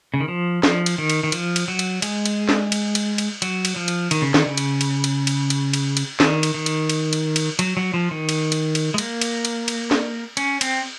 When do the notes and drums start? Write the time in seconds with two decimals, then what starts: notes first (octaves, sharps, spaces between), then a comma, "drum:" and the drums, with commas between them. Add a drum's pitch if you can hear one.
0.14 C#3
0.20 D#3
0.28 F3
0.63 F3, drum: snare
0.86 drum: cymbal
0.98 D#3
1.10 drum: cymbal
1.23 D#3
1.32 F3, drum: cymbal
1.56 drum: cymbal
1.68 F#3
1.79 drum: cymbal
2.02 G#3, drum: cymbal
2.25 drum: cymbal
2.49 drum: snare
2.72 drum: cymbal
2.95 drum: cymbal
3.18 drum: cymbal
3.42 F#3, drum: cymbal
3.65 drum: cymbal
3.76 F3
3.88 drum: cymbal
4.11 D#3, drum: cymbal
4.22 C#3
4.34 D#3, drum: snare
4.46 C#3
4.57 drum: cymbal
4.81 drum: cymbal
5.04 drum: cymbal
5.27 drum: cymbal
5.50 drum: cymbal
5.73 drum: cymbal
5.97 drum: cymbal
6.20 D#3, drum: snare
6.43 drum: cymbal
6.54 D#3
6.66 drum: cymbal
6.89 drum: cymbal
7.13 drum: cymbal
7.36 drum: cymbal
7.59 F#3, drum: cymbal
7.77 F#3
7.94 F3
8.11 D#3
8.29 drum: cymbal
8.52 drum: cymbal
8.75 drum: cymbal
8.94 G#3
8.98 A#3, drum: cymbal
9.21 drum: cymbal
9.45 drum: cymbal
9.68 drum: cymbal
9.91 drum: snare
10.37 C#4, drum: cymbal
10.61 C4, drum: cymbal